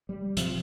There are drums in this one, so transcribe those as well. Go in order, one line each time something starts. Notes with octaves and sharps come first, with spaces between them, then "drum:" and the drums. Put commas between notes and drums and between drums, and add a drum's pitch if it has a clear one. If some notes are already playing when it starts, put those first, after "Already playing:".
G3
C3 F3, drum: hi-hat